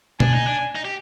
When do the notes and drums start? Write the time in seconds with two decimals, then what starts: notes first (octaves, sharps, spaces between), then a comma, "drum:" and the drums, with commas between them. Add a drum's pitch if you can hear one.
0.20 D4 G#5, drum: tom
0.34 D#4
0.47 D4
0.75 D#4
0.85 G4